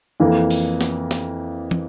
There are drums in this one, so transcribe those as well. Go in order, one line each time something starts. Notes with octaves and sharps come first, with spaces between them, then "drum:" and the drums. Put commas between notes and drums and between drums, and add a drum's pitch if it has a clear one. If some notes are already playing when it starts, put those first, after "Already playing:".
F2 E3 A#3
drum: open hi-hat
drum: snare
drum: snare
drum: tom